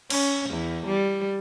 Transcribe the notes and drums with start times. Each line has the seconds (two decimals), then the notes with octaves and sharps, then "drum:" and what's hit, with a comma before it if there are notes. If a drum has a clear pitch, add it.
0.10 C#4, drum: cymbal
0.50 E2
0.87 G3